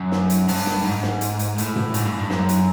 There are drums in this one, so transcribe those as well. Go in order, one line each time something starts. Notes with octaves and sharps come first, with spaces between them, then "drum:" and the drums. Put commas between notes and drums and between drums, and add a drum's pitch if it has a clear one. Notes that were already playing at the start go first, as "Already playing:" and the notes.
Already playing: F#2
drum: snare
drum: hi-hat
G2, drum: open hi-hat
drum: snare
G#2
drum: snare
drum: hi-hat
drum: hi-hat
A2, drum: hi-hat
drum: tom
G#2, drum: hi-hat
G2
G2
F#2, drum: snare
drum: hi-hat